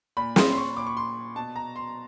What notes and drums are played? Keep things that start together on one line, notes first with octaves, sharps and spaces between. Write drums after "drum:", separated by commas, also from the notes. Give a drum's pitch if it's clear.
A#2 B5
C6, drum: snare
C6
C#6
A#2 D6
C#6
C6
B2 A5
A#5
C6